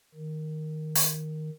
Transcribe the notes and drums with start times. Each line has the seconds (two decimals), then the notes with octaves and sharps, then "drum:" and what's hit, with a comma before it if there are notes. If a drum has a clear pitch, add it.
0.15 D#3
0.95 drum: open hi-hat